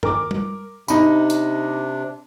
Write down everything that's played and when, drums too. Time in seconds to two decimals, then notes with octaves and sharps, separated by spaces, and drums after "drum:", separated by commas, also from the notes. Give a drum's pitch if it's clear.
0.03 A#4 D6, drum: tom G2
0.31 drum: tom G3
0.88 C3 D4 D#4 B5, drum: tambourine
1.30 drum: hi-hat